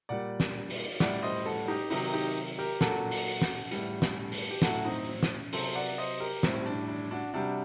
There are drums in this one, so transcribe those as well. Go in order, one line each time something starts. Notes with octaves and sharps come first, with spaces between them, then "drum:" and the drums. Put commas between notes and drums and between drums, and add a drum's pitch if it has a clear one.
A#2 G3 D5 F#5
drum: snare
drum: open hi-hat
A2 G3 D5 F#5, drum: snare
C5 D#5
F#4 A4
D#4 G4
C3 D#3 F#3 D#4 G4, drum: open hi-hat
D#4 G4
G4 A#4
A#2 F#3 F#4 A4, drum: snare
drum: open hi-hat
drum: snare
A2 G3, drum: hi-hat
drum: snare
drum: open hi-hat
G4
A2 F#3 F#4 A4, drum: snare
C4 D#4
C4
drum: snare
C3 F#3 A4 C5, drum: open hi-hat
D5 F#5
C5 D#5
G4 A#4
A2 G3 C4, drum: snare
D4
D4
D4 F#4
C3 G3 D4 F#4